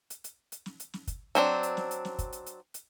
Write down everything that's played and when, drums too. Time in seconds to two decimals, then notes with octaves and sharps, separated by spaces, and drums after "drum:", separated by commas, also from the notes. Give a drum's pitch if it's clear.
0.10 drum: hi-hat
0.24 drum: hi-hat
0.52 drum: hi-hat
0.66 drum: snare
0.80 drum: hi-hat
0.94 drum: snare
1.07 drum: kick, hi-hat
1.35 F#3 C4 D4, drum: hi-hat
1.63 drum: hi-hat
1.77 drum: snare
1.91 drum: hi-hat
2.05 drum: snare
2.19 drum: kick, hi-hat
2.32 drum: hi-hat
2.46 drum: hi-hat
2.74 drum: hi-hat